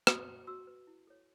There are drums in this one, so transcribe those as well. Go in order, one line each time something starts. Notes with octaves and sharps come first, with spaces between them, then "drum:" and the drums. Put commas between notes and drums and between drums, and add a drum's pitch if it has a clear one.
F#4 D#6, drum: rim click
B4
F#4 E6
B4
E4
A4 C#5